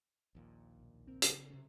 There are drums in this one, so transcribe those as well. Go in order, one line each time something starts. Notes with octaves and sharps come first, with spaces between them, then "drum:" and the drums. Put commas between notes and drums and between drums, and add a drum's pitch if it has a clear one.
A#1 D#2 A#2
B1
G1 C4 A#4
C#3 F#3, drum: hi-hat
C3 C#4